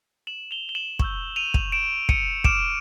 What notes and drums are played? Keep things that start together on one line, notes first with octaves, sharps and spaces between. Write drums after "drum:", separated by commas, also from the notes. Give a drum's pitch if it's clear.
E7 F#7
F7 G7
G7
E7 F#7
C#6 E6 G6, drum: kick
D#7 F7
drum: kick
D7 E7
C#7 D#7, drum: kick
D6 F6 D7 E7, drum: kick